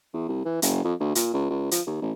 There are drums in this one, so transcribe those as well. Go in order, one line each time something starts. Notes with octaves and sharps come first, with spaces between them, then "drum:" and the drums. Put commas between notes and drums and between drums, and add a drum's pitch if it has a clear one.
E2
C2
E3
F#1, drum: hi-hat
F2
D2
A#2, drum: hi-hat
C#2
C#2
F3, drum: hi-hat
D#2
A1